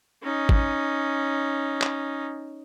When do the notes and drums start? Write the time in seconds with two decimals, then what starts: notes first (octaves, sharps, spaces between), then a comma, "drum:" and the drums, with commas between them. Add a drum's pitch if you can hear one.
0.23 C#4 D#4
0.49 drum: kick
1.82 drum: clap